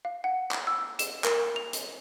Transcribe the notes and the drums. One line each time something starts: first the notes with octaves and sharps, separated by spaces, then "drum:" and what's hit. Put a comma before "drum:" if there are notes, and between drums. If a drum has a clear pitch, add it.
F5
F#5
drum: clap
E6
E7, drum: hi-hat
A#4, drum: clap
F7
drum: hi-hat